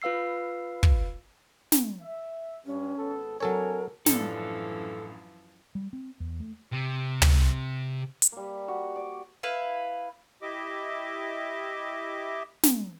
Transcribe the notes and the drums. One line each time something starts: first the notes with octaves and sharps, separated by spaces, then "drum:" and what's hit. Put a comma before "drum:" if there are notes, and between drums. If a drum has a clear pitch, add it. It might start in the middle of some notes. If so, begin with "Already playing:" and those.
F4 B4 F5 E6 C7
drum: kick
drum: snare
E5
G2 C#4
G#1 B3 A4
F#3 C4 D4 A4 A#4 C#5 G#5
A1 F#2 E3 F3 D4 A4, drum: snare
G3
C4
E2
A3
C3
drum: tom
drum: hi-hat
G3 A#3
F#4
D5
E4 B4 F5
E4 G4 D#5 E5 D6
drum: snare